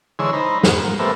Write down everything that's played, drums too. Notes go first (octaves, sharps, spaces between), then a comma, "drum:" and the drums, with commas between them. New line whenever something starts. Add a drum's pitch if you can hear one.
D3 E3 G#3 C#5 C6 E6
D#4 C5 A#5 B5
F2 G#2 F#5, drum: snare
A#3
G3 A3 B3 A#4 C5 E5